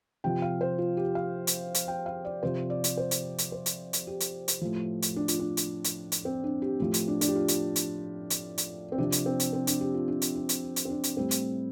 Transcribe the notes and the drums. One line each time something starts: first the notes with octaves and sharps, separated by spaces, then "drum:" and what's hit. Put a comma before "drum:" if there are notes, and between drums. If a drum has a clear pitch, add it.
C3 F3 G5
F5
C5
F4
G4
F5
drum: hi-hat
drum: hi-hat
G5
F5
D5
C3 F3 C5
D5
drum: hi-hat
C5
drum: hi-hat
drum: hi-hat
C5
drum: hi-hat
drum: hi-hat
G4
drum: hi-hat
drum: hi-hat
A2 F3
drum: hi-hat
D4
F4, drum: hi-hat
D4
drum: hi-hat
drum: hi-hat
drum: hi-hat
C4
D4
G4
A2 F3 G4
drum: hi-hat
D4
D4, drum: hi-hat
G4
F4
drum: hi-hat
drum: hi-hat
drum: hi-hat
drum: hi-hat
C4
C3 F3 D4
drum: hi-hat
C4
drum: hi-hat
C4
D4, drum: hi-hat
G4
F4
D4
drum: hi-hat
D4
drum: hi-hat
drum: hi-hat
C4
D4
drum: hi-hat
A2 G3 C4
drum: hi-hat